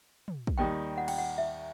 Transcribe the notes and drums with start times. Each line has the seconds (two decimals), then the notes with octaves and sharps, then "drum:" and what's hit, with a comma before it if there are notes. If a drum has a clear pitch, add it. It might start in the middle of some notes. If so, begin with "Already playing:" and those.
0.28 drum: tom
0.47 drum: kick
0.58 D#2 D#3 G3 D#4 G5
0.97 F#5
1.08 G5, drum: cymbal
1.18 F#5
1.38 E5